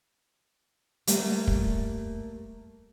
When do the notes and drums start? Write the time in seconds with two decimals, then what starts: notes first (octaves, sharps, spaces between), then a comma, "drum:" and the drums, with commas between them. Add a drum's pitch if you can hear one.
1.07 G3 A3 A#3, drum: hi-hat
1.47 drum: kick